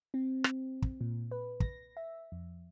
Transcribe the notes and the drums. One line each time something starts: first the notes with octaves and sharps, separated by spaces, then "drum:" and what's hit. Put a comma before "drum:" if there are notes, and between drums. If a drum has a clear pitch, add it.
C4
drum: rim click
drum: kick
A#2
B4
A#6, drum: kick
E5
F2